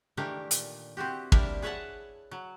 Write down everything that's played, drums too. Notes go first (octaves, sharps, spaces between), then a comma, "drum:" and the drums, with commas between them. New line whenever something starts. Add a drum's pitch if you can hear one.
D#3 E3 A3 D4 G4 A#4
A#2, drum: hi-hat
C4 E4 F#4 G4
G3 A#3 D4 E4 A#4 E5, drum: kick
G#4 B4 C#5 E5 F#5 A5
F#3